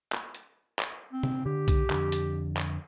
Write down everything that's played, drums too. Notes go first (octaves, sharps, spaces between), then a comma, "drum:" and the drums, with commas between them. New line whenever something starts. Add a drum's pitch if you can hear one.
drum: clap
drum: hi-hat
drum: clap
C4
drum: tom C3
D3 G4
drum: kick B1, hi-hat
F2 D3, drum: clap
drum: hi-hat
drum: clap